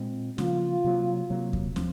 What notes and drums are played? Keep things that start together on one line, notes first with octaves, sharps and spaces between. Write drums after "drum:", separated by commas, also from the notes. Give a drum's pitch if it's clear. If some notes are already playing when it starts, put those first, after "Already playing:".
Already playing: A#2 G#3 C4
C#3 F3 A#3 F4, drum: snare
C3 F#3 A#3
C3 F#3 A#3
drum: kick D#2
F3 C4, drum: snare